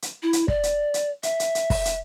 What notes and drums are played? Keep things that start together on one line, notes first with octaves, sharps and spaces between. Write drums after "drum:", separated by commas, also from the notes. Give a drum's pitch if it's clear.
drum: hi-hat
E4
drum: hi-hat
D5, drum: kick
drum: hi-hat
drum: hi-hat
E5, drum: hi-hat
drum: hi-hat
drum: hi-hat
drum: kick, open hi-hat
drum: hi-hat